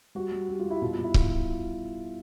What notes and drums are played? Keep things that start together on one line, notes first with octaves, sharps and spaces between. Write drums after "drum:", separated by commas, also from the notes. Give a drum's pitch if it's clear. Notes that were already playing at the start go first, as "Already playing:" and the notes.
G3 F#4
G3
G3 G4
F4
G3
E4
B2 F4
F4
B2
E4
B2 F4, drum: kick C#1